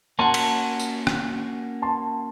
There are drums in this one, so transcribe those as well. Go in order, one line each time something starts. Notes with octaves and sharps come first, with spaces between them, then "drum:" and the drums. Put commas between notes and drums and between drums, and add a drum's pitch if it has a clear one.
A#3 C#4 F#4 A5 C6
drum: cymbal
drum: tambourine
drum: rim click
A5 C6